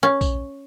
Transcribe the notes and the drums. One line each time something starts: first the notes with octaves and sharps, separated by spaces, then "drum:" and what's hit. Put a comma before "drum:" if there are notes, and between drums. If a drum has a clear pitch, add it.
C#4
drum: kick A#1, tambourine